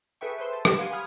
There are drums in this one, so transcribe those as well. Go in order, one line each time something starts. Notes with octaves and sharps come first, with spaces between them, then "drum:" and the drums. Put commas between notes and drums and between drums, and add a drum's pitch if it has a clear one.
G#4 A4 B4 E5 G5 C#6
B4 C5 C6 E6
A5
G4 B4, drum: rim click
F5 F#5 C6 G#6 D#7
G#5 B5 D#6 F6 G#6